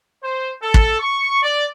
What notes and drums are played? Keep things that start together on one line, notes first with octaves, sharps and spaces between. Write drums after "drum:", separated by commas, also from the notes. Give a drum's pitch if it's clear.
C5
A4
drum: kick
C#6
D5